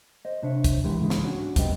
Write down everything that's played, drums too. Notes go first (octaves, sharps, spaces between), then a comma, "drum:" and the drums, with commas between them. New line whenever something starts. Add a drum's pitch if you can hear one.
C5 D#5
C3 D4 C5 C#5 E5
drum: kick, hi-hat
E3 G#3 G4 A#4
G#2 C#3 E3 G#3
drum: snare
C#4 D4 F#4 C#5
F2 B2 G3 B3 D#5 G5, drum: kick, hi-hat